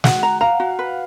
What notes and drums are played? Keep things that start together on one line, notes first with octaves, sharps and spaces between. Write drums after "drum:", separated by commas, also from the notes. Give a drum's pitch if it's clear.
F#4 F#5, drum: snare
A#5
F5 A#5
F#4
B4